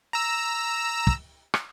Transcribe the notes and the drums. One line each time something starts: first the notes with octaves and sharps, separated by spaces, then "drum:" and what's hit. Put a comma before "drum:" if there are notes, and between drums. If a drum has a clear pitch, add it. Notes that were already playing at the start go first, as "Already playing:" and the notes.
A#5 E6
drum: kick
drum: rim click